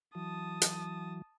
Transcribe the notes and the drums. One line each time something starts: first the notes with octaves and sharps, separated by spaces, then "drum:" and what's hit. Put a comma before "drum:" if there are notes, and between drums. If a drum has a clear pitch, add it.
E3 F#3 A5 D#6
drum: hi-hat